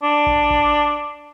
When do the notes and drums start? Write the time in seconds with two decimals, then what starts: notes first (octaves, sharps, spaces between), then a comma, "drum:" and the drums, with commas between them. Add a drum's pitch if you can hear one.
0.03 D4
0.27 drum: kick A1
0.50 drum: kick A1